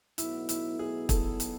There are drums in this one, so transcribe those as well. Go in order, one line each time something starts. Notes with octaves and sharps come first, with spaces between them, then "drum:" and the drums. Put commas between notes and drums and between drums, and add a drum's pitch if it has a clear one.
B1 A2 F#3 B3 D#4 E4, drum: hi-hat
E4, drum: hi-hat
G#4
A4, drum: kick, hi-hat
drum: hi-hat